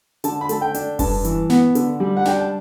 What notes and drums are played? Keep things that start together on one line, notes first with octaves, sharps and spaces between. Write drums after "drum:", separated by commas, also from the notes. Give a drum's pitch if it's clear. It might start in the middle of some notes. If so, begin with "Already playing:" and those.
D3 A5, drum: hi-hat
B5
A3 A5, drum: hi-hat
G5
D4, drum: hi-hat
G2 A5, drum: kick F1, open hi-hat
E3, drum: hi-hat
B3, drum: snare
D3, drum: hi-hat
G3
F#5
D4 G5, drum: snare
A5